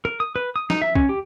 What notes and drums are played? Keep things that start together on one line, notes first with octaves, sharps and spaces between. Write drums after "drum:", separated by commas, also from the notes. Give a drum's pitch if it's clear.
A#4
D#6
B4
D#6
D#4, drum: snare
E5
C#4, drum: kick
G4